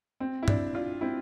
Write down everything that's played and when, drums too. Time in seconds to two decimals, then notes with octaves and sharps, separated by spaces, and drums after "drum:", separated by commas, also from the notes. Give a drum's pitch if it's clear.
0.20 C4
0.43 E4
0.48 D4, drum: tom G2
0.74 D4 F4
1.01 C4 E4